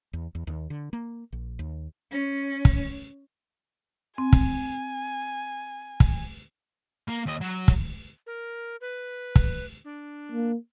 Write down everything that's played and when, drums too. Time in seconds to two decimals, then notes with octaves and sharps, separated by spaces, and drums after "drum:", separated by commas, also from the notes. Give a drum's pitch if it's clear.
0.13 E2
0.35 E2
0.47 D#2
0.70 D3
0.93 A#3
1.32 A#1
1.59 D#2
2.12 C#4
2.65 drum: kick
4.18 C4 G#5
4.33 drum: kick
6.00 drum: kick
7.08 A#3
7.26 D#2 D#5
7.41 F#3
7.68 drum: kick
8.27 A#4
8.81 B4
9.36 drum: kick
9.85 D4
10.32 A#3